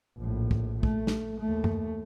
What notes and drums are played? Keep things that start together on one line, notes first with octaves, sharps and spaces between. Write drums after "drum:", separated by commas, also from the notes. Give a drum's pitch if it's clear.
A#1 A2
drum: kick
A3, drum: kick
drum: snare
D#2 A3
drum: tom F#2